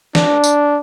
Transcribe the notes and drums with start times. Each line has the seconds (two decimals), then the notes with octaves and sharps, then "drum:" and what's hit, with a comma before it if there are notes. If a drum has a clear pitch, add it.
0.15 D4, drum: snare
0.44 drum: tambourine